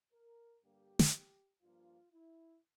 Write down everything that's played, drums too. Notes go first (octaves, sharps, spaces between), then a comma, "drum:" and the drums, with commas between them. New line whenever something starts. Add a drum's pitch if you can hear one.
A#4
G2 D3 G3 A#3 G4
drum: snare
G2 F3 A#3 F4
E4